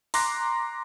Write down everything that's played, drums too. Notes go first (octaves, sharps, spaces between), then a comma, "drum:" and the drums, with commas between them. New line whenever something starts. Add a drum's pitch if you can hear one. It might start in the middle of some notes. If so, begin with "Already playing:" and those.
A#5 C6 D6 F#6 A#6, drum: open hi-hat